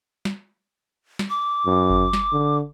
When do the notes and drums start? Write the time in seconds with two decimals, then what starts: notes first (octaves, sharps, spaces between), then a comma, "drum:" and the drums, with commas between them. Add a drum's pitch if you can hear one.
0.25 drum: snare
1.19 drum: snare
1.30 D6
1.66 F#2
1.90 drum: kick G1
2.13 drum: snare
2.32 D3